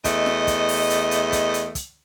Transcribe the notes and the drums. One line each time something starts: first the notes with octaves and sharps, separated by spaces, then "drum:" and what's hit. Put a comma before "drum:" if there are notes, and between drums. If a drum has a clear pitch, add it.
E2 A3 D#5, drum: kick, hi-hat
drum: snare
drum: kick, hi-hat
drum: open hi-hat
drum: hi-hat
drum: hi-hat
drum: kick, hi-hat
drum: hi-hat
drum: kick, hi-hat